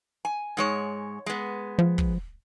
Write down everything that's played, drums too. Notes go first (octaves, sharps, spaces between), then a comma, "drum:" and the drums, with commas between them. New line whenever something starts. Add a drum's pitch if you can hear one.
G#5
G#2 G#3 C#5
G#3 B3
F3
drum: kick